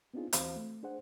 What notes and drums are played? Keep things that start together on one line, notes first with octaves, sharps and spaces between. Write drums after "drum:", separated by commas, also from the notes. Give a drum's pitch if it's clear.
B3 C4 D4 D#4 F4 G#4
D#2 E3 C4 F#4 C5 F5, drum: hi-hat
A3
D4 G#4 C5 F#5